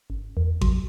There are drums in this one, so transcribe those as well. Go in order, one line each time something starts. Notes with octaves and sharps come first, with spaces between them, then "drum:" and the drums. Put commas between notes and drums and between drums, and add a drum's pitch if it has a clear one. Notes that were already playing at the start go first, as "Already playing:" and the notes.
G1
E2
F#3, drum: kick G#1